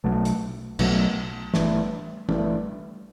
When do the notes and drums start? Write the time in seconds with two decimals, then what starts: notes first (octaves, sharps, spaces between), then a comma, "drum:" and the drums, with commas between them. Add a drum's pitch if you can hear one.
0.04 B1 B2 F#3 A3
0.25 drum: hi-hat
0.79 B1 B2 F#3 A3, drum: cymbal
1.54 G1 G2 E3 A3, drum: snare
2.29 G1 G2 E3 A3, drum: tom